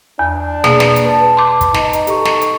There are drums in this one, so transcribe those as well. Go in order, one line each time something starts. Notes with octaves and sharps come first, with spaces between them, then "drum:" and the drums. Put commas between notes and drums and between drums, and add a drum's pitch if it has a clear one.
E2 D4
B2 A#3 G#4, drum: snare
drum: snare
drum: hi-hat
B4 A5
C6 D6
drum: kick, hi-hat
D#4, drum: snare
drum: hi-hat
G4 A4 C#6, drum: hi-hat
drum: snare
drum: hi-hat